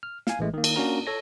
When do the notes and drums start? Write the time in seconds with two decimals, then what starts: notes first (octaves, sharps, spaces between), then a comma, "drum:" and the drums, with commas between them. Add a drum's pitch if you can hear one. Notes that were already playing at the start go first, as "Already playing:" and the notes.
0.03 F6
0.27 F5 G#5, drum: snare
0.39 A1 E3 G#3 A3
0.54 D#3 A#3
0.64 drum: cymbal
0.76 A#3 C#4 D4 F#4 A#4 A#5
1.07 A4 C#5 A#6